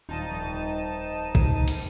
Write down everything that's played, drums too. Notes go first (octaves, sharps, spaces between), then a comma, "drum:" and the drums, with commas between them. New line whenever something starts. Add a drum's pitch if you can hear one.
D#1 G3 C4 D#4 F4 A5 D#7
F1 F2
drum: kick
drum: cymbal